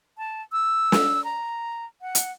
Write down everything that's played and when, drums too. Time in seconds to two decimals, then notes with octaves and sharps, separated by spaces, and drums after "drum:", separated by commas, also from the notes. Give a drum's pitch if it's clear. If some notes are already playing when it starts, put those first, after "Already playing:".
0.18 A5
0.52 E6
0.92 drum: snare
1.24 A#5
2.02 F#5
2.15 drum: hi-hat